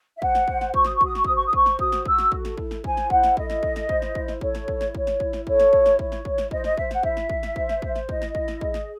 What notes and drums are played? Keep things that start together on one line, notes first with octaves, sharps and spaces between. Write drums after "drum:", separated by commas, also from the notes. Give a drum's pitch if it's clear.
E5
C5 F#5, drum: kick
drum: snare
C5, drum: kick
drum: snare
F#4 C#6, drum: kick
D#6, drum: snare
C#6
F#4 D#6, drum: kick
C#6, drum: snare
C5 D#6, drum: kick
C#6
D#6
C5 C#6, drum: kick
drum: snare
F#4 D#6, drum: kick
drum: snare
F#4 E6, drum: kick
drum: snare
A4, drum: kick
drum: snare
E4, drum: kick
drum: snare
C5 G#5, drum: kick
drum: snare
E4 F#5, drum: kick
drum: snare
A4 D#5, drum: kick
drum: snare
E4, drum: kick
drum: snare
C5, drum: kick
drum: snare
E4, drum: kick
drum: snare
A4 C#5, drum: kick
drum: snare
E4, drum: kick
drum: snare
C#5, drum: kick
drum: snare
E4, drum: kick
drum: snare
A4 C#5, drum: kick
drum: snare
E4, drum: kick
drum: snare
C#5, drum: kick
drum: snare
E4, drum: kick
drum: snare
C5 D#5, drum: kick
D#5, drum: snare
C5 E5, drum: kick
F#5, drum: snare
E4 E5, drum: kick
drum: snare
E4, drum: kick
drum: snare
C5, drum: kick
drum: snare
C5, drum: kick
drum: snare
E4 D#5, drum: kick
drum: snare
E4, drum: kick
drum: snare
G#4, drum: kick
drum: snare